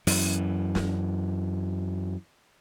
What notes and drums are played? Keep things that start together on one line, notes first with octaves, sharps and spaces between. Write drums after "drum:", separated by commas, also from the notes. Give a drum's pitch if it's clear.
F#2 E3, drum: open hi-hat
drum: snare